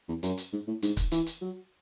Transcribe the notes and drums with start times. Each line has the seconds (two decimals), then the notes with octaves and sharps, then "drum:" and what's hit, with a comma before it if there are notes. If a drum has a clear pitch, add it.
0.08 E2
0.23 F#2, drum: hi-hat
0.38 drum: hi-hat
0.53 G#2
0.68 A2
0.82 G#2, drum: hi-hat
0.97 drum: kick C#1, hi-hat
1.12 E3, drum: hi-hat
1.26 drum: hi-hat
1.41 F#3